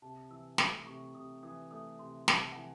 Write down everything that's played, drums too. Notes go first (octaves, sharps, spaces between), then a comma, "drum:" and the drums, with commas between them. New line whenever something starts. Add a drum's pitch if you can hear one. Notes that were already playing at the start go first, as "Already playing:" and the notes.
C3 A5
E3 E6
A3 D#6, drum: snare
C3 C#6
C3 D#6
E3 D#6
A3 D#6
C3 C6
C3 A5, drum: snare
F#5
E3 G#5